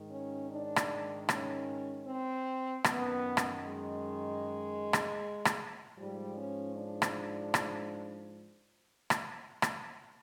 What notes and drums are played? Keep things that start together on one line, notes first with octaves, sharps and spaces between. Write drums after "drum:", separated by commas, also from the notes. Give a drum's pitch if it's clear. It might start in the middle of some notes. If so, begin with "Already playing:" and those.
Already playing: G#2 D#3
C#4
D4
drum: rim click
C#4, drum: rim click
C4
F#2 D#3 B3, drum: rim click
drum: rim click
G#3
drum: rim click
drum: rim click
G#2 F3 G3
C#4
D4
drum: rim click
drum: rim click
drum: rim click
drum: rim click